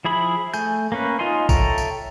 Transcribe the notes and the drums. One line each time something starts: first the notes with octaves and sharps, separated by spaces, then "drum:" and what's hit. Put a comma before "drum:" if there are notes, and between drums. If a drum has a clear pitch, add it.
F3 E4 G#4 B5
A3 G#5 G6, drum: tambourine
A#3 C#4 B4
D#4 F4 D#5 G#5 C6
A4 C#5 E5 G5 A#5, drum: kick A1, tambourine
drum: tambourine